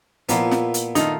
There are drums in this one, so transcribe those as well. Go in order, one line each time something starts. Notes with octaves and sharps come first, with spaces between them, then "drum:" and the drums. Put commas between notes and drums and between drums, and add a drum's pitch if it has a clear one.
A#2 F3 A#3 B3 E4, drum: hi-hat
drum: snare
drum: hi-hat
D#3 A3 D#4 F4, drum: hi-hat